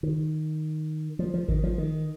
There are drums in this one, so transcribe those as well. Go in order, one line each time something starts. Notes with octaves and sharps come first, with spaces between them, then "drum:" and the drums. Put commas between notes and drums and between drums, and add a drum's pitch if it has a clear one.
D#3
F3
F3
D#3, drum: kick G#1
F3
D#3